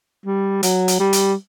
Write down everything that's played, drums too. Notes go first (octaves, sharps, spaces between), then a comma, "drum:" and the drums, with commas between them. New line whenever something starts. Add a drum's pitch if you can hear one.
G3
F#3, drum: hi-hat
drum: hi-hat
G3
drum: hi-hat